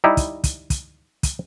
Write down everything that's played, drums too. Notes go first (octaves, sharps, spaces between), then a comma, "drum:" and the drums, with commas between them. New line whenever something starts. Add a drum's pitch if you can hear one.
G3 D#4 E4
drum: kick, hi-hat
drum: kick, hi-hat
drum: kick, hi-hat
drum: kick, hi-hat